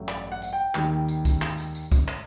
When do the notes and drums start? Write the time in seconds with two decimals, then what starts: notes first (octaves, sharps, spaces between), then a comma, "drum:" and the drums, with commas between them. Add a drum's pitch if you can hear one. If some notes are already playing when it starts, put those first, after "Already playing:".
Already playing: A1 G2 F#3 A3
0.08 D5, drum: clap
0.32 F#5
0.42 drum: tambourine
0.53 G5
0.75 D#2 D#3 G3, drum: clap
1.09 drum: tambourine
1.25 drum: kick, tambourine
1.42 drum: clap
1.58 drum: tambourine
1.75 drum: tambourine
1.92 drum: kick, tambourine
2.08 drum: clap